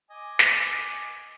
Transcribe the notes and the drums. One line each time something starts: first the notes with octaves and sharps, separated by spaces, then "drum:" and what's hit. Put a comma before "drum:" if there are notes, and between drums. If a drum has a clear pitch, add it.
D#5 G#5 D6
drum: snare